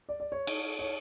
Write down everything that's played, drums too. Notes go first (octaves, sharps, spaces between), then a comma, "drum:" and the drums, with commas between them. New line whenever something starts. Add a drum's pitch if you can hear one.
D5
D5
C#5
drum: cymbal
C#5